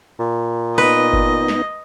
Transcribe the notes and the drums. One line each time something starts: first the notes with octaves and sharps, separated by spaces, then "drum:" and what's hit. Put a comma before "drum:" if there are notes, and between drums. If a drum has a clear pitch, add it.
A#2
B3 D#4 B4 D#5, drum: open hi-hat
drum: kick G1
drum: snare